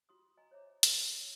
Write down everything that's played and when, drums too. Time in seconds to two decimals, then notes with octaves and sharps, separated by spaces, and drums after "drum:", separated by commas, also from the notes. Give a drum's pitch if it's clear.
0.09 F4 F#4 C6 D#6
0.37 D#5 G#5 A#5
0.51 C5 C#5 E5 A#5 D6
0.83 drum: hi-hat